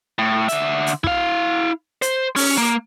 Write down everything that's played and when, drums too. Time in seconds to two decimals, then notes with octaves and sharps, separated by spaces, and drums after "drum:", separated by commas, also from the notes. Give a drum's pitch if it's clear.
0.19 A2
0.49 D3 E5, drum: hi-hat
0.87 drum: hi-hat
1.04 E4 F5, drum: kick
2.02 C5, drum: hi-hat
2.36 C#4, drum: open hi-hat
2.58 A#3